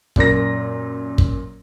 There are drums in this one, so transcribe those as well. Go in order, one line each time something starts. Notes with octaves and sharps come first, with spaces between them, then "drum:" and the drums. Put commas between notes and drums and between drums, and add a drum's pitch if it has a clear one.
F#2 A#2 A#4 A#6, drum: kick
drum: kick